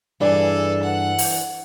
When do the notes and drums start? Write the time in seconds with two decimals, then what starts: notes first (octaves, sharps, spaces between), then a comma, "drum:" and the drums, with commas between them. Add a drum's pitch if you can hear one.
0.20 G2 E3 G#4 A4 D5
0.83 F#5
1.18 drum: open hi-hat